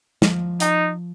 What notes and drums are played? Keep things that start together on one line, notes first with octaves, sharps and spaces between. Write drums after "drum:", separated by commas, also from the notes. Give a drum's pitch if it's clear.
F3, drum: snare
D#4, drum: hi-hat